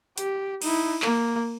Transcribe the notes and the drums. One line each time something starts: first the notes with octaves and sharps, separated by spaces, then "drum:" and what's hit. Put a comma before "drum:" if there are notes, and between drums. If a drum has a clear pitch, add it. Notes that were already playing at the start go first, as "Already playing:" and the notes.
G4, drum: hi-hat
D#4 E4, drum: cymbal
A#3, drum: clap